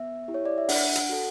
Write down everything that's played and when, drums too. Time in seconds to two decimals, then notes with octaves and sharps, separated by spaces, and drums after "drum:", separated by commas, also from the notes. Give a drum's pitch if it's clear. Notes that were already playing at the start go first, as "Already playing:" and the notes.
Already playing: B3 E5
0.28 E4 G4
0.34 C#5
0.45 D5
0.58 E5
0.69 D4 F#5, drum: open hi-hat
0.95 F#5, drum: hi-hat
1.09 F#4 A4